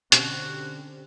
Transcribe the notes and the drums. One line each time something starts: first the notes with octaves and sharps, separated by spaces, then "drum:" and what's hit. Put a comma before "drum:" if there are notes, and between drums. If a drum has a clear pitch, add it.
B2 D3 C4 C#4 F#4 G4, drum: hi-hat